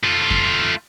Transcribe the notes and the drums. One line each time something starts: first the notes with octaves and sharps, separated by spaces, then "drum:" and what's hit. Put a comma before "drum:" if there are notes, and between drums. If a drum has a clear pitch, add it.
A3 F4
drum: kick F2